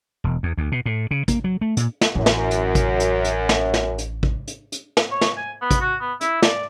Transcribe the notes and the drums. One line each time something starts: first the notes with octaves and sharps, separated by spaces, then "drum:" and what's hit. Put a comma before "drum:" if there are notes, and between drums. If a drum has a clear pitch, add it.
E1
E2
D2
B2
A2
C#3
A#3, drum: kick, hi-hat
F#3
A3
A#2, drum: hi-hat
drum: snare
A1 F#2
drum: snare
drum: hi-hat
drum: kick, hi-hat
drum: hi-hat
drum: hi-hat
drum: snare
drum: snare
drum: hi-hat
drum: kick
drum: hi-hat
drum: hi-hat
drum: snare
C#5
drum: snare
G#5
B3
drum: kick, hi-hat
F#4
B3
E4, drum: hi-hat
D5, drum: snare